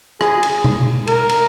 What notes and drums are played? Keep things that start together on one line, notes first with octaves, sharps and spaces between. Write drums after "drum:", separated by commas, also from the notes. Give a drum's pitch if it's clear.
G#4, drum: rim click
drum: cymbal
drum: tom B2
A#4, drum: cymbal
drum: cymbal